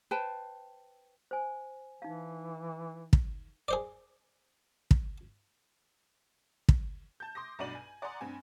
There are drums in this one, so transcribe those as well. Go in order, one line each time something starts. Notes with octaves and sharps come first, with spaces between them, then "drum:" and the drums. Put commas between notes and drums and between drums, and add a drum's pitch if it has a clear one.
B4 C5 G5 A5
C5 G#5
E3 D#4 F5
drum: kick
G#4 C5 D5
drum: kick
drum: kick
A5 G6
C6 D6 D#6 A#6
B1 G2 F#4 D5 D#7 F#7
G#5
D5 F#5 G#5 A#5 C6 D#6
G2 C4 G#5